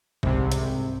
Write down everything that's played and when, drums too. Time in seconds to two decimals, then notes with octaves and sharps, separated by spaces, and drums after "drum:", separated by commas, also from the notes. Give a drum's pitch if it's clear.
0.23 C2 G#2 C3, drum: kick
0.52 drum: hi-hat